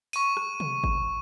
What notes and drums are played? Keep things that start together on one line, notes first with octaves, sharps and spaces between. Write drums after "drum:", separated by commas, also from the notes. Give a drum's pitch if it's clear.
C#6 D#7, drum: open hi-hat
drum: rim click
drum: tom C3
drum: kick G1